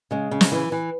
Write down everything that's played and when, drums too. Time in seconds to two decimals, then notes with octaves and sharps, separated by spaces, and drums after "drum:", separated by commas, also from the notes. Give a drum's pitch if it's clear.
0.11 C#3 G#3
0.31 C#3
0.41 drum: snare
0.52 E3
0.72 E3